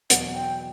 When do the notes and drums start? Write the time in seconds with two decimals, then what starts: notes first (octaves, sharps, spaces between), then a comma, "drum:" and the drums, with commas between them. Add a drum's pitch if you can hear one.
0.10 E2 B2 F#3 F#5, drum: hi-hat
0.35 G5